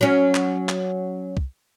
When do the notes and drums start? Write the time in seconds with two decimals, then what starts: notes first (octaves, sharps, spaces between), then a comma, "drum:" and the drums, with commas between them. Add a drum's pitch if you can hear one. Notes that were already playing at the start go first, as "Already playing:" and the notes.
0.01 F#3 C#4
0.35 drum: clap
0.69 drum: clap
1.37 drum: kick